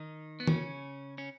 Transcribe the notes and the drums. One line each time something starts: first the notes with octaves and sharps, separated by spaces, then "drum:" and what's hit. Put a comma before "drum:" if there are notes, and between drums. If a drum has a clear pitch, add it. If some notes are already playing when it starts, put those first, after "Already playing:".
Already playing: D#3 D#4
B3
C#3 C#4, drum: tom
C#4